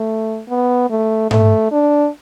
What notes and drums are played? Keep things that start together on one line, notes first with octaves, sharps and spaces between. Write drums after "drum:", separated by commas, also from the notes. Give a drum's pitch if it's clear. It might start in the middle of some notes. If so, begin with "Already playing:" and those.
Already playing: A3
B3
A3
A3, drum: tom G#2
D4